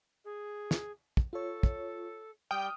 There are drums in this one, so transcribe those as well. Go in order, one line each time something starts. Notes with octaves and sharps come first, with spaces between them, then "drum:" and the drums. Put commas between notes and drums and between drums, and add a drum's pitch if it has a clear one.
G#4
drum: snare
drum: kick
F4 A4 C#5
drum: kick
G3 G5 D#6 F6